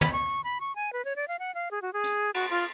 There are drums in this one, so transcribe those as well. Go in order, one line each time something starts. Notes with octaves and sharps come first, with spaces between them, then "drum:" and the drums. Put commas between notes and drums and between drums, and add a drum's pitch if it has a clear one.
B5, drum: tom
C#6
B5
C#6
G#5
B4
C#5
D5
F5
F#5
F5
G#4
F#4
G#4
drum: hi-hat
F#4, drum: cymbal
F4